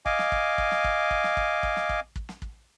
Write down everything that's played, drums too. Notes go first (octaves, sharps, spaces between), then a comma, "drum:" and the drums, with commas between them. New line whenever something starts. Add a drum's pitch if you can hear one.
D#5 F5 G#5 D6, drum: kick
drum: snare
drum: kick
drum: kick
drum: snare
drum: kick
drum: kick
drum: snare
drum: kick
drum: kick
drum: snare
drum: kick
drum: kick
drum: snare
drum: kick